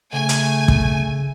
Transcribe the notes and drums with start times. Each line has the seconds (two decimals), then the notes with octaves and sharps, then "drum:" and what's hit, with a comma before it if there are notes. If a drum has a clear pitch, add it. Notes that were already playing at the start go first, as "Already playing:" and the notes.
0.13 C#3 A3 G#5
0.29 drum: hi-hat
0.68 drum: kick